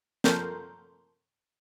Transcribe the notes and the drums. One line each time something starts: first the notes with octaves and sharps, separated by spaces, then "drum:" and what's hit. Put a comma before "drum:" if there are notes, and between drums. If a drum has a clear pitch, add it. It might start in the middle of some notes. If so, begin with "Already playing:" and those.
F3 A4 A#4 C6 G6, drum: snare